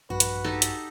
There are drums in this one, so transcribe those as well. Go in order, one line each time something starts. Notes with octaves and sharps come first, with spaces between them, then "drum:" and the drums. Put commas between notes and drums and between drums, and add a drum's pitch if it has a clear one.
A#1 G2 F#4 B4
drum: hi-hat
D#4 G4 A4
drum: hi-hat